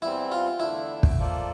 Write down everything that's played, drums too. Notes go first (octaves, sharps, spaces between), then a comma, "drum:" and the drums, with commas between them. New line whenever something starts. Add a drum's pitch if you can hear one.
E2 E3 G3 C4 E4
F4
E2 D3 A3 D4 E4
drum: kick
F3 A#3 F4 A4 D5